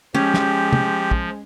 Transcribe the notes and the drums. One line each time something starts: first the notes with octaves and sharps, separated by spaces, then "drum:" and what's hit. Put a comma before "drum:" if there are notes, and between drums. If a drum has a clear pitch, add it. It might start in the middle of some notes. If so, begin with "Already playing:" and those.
F3 G#3 C#4 G4
drum: snare
drum: tom
drum: kick